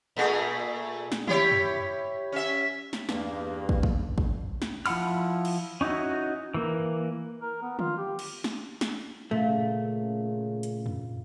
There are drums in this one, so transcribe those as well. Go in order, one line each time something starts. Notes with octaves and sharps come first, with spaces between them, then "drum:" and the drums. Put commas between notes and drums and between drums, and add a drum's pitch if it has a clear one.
A#2 A3 G#4
drum: snare
E4 G4 C#5, drum: tom D3
drum: tom F2
C#4 E5
drum: snare
E2 G2 A#3, drum: snare
drum: kick
drum: kick
drum: kick
drum: snare
F3 E4 F#5 B5 F6, drum: cymbal
drum: cymbal
C#4 D#4 E4 F#4
E3 A#3
A#4
B3
F4, drum: tom D3
G4
drum: cymbal
drum: snare
drum: snare
A#2 C#3 A3
drum: hi-hat
drum: tom F2